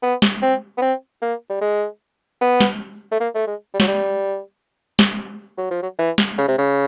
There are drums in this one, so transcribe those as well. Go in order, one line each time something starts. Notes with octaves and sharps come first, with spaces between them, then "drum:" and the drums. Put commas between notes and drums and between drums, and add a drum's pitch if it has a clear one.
B3
drum: snare
C4
B3
C4
A#3
G3
G#3
B3
drum: snare
A3
A#3
A3
G#3
G3
F#3, drum: snare
G3
drum: snare
F#3
F3
F#3
E3
drum: snare
C#3
C3
C#3